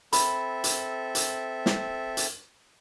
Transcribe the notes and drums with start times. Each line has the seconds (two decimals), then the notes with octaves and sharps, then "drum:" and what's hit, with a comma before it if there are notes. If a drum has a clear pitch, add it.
0.13 C4 A4 E5 B5, drum: hi-hat
0.64 drum: hi-hat
1.15 drum: hi-hat
1.66 drum: snare
2.17 drum: hi-hat